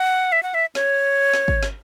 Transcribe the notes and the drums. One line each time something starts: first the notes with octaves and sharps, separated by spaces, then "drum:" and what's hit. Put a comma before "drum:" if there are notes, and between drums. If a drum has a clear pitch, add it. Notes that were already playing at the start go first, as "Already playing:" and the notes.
Already playing: F#5
E5
F#5
E5
C#5, drum: snare
drum: snare
drum: kick
drum: snare